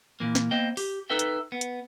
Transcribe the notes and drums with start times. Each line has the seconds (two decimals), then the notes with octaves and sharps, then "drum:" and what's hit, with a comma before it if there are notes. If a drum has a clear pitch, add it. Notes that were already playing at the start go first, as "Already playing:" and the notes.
0.20 A#2 E3 A#3
0.35 drum: snare
0.51 A#3 B3 C5 D#5 G5
0.77 G4, drum: open hi-hat
1.10 D#4 A4 B4 E5 G5
1.19 drum: hi-hat
1.52 B3
1.61 drum: hi-hat